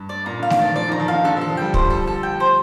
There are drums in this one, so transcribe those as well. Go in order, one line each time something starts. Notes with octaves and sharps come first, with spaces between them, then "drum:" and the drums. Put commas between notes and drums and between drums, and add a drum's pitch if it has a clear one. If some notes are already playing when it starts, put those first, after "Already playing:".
Already playing: G2
D5
A#2 A#5
D3 F5
D#3, drum: snare A3
F3 D5
F3 D5
D#3 A#5
F3
D#3 F5
D3 A4
F3
A4
F3
G3 G5
F3 C5, drum: kick
A4
A4
G5
C5